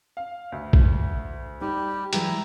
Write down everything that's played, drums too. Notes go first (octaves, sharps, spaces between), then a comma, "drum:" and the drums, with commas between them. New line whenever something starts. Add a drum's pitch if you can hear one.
F5
D2
drum: kick
G3 D#4 G4
E3 F#3 G#3 E4 G4 A#5, drum: hi-hat